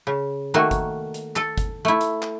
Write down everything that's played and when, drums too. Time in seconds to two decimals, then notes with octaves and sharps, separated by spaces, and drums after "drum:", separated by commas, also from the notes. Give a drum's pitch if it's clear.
0.07 C#3
0.54 D#3 A3 A#3 F#4
0.71 drum: kick G1, hi-hat
1.14 drum: hi-hat
1.36 A4, drum: clap
1.58 drum: kick G1, hi-hat
1.85 A3 E4
2.01 drum: hi-hat
2.22 drum: clap